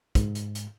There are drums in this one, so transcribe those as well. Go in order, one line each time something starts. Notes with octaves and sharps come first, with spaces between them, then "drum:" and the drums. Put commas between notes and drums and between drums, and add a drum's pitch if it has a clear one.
G#2, drum: kick, hi-hat
drum: hi-hat
drum: hi-hat